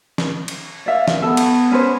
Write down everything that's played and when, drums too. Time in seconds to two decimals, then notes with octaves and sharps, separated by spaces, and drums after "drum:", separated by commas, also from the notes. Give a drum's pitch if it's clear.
0.18 drum: snare
0.48 drum: cymbal
0.86 D5 E5 F5
1.08 drum: snare
1.22 B3 A4
1.37 drum: cymbal
1.71 C#4 B4 C5